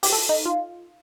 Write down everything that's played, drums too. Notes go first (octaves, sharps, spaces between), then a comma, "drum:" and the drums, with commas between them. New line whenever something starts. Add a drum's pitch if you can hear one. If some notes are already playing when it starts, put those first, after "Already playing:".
G4, drum: open hi-hat
A4
D#4
F4